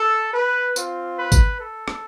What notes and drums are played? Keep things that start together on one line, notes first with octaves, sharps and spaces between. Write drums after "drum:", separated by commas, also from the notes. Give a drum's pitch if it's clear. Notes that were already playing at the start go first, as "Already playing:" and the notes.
Already playing: A4
B4
C4 F4, drum: tambourine
B4
drum: kick G#1, tambourine
A4
drum: rim click